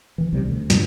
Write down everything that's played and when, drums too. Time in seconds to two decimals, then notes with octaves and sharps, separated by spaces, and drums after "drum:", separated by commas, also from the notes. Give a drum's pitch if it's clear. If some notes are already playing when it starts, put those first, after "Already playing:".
0.18 D#3 E3
0.32 B1 C3 G3 C4
0.45 D2
0.70 G2 B2 D3 F3, drum: snare